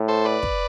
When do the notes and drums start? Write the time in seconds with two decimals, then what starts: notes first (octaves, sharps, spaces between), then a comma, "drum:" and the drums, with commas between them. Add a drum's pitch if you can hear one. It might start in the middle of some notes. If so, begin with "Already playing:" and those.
Already playing: A2
0.08 A4 C5
0.25 B4 D5
0.43 drum: kick